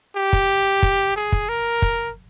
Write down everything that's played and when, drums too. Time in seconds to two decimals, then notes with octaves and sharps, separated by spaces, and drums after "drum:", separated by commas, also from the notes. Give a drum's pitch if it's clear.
0.16 G4
0.33 drum: kick
0.83 drum: kick
1.16 G#4
1.32 drum: kick
1.49 A#4
1.82 drum: kick